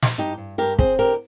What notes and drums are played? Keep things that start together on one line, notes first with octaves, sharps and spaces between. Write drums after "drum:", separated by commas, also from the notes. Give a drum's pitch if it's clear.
drum: snare
G2 D#4 G4
G2
G2 G4 A#4
C4 G#4 C5, drum: kick
D3 G4 A#4